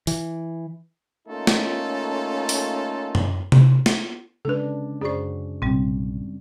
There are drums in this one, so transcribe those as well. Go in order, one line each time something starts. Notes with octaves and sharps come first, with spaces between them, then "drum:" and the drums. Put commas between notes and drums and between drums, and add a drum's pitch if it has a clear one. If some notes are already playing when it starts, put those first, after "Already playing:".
E3, drum: open hi-hat
A3 A#3 C#4 D#4 F4 A4
drum: snare
drum: open hi-hat
drum: tom F#2
drum: tom C3
drum: snare
C#3 G#3 D4 A4 B4
F#2 C#4 F#4 G#4 C5 D5 C#6
A#1 C3 G3 C4